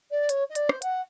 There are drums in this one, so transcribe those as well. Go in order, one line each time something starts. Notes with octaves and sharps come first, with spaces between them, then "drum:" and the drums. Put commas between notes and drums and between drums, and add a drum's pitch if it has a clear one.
D5
C#5, drum: hi-hat
D#5
D5, drum: hi-hat
C5, drum: rim click
F#5, drum: hi-hat